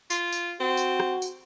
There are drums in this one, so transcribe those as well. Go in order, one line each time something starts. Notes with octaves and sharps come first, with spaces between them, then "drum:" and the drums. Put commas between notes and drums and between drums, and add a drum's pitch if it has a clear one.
F4, drum: tambourine
drum: tambourine
C4 F#4
drum: tambourine
drum: rim click
drum: tambourine